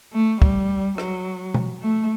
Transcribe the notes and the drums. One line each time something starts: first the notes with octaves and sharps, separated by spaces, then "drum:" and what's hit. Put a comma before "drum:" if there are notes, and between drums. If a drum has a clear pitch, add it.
A3
G3, drum: kick
F#3, drum: rim click
drum: tom B2
A3